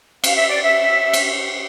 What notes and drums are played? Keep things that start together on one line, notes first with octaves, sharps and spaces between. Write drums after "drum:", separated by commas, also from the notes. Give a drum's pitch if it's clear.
F5, drum: cymbal
E5
D5
E5
drum: cymbal